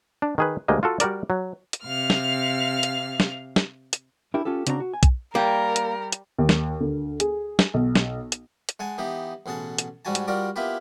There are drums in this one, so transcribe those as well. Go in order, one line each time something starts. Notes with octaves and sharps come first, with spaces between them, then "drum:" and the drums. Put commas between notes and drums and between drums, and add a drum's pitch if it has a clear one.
D4
D#3 G#4 B4
D2 G#3 A#3 G4 D#5
F4 F#4 A4
G3 F#4 A#4 D5, drum: hi-hat
F#3
drum: hi-hat
C3 F5 F6
drum: snare
drum: hi-hat
drum: snare
drum: snare
drum: hi-hat
D4 E4 G4 A#4 G5
C#4 F4 G4 A4
C#3 C4 D4 F#4 A#4 A#5, drum: hi-hat
F#4
G#5
drum: kick, hi-hat
G3 A#3 A#4
drum: hi-hat
drum: hi-hat
D#2
drum: snare
D2
G#4, drum: hi-hat
drum: snare
B1
drum: snare
drum: hi-hat
drum: hi-hat
G#3 F#5 G#5 A5
E3 B3 D#4 G4
A1 B2 G#4 F#5 A5
drum: hi-hat
G#2 G3 F#4 G#5 A5
drum: hi-hat
G3 F4 F#4 A#4 D5
A#3 B3 E4 F4 G4 B4